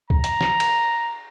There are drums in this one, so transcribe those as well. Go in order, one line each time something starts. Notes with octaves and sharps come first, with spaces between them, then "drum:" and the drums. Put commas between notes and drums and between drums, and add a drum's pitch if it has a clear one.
A#5, drum: kick C2
drum: hi-hat
drum: snare
drum: cymbal